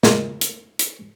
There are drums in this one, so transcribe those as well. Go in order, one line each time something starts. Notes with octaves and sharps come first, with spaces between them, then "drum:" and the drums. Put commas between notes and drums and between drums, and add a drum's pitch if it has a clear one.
A#2 G#3 F4 C6, drum: snare
drum: hi-hat
drum: hi-hat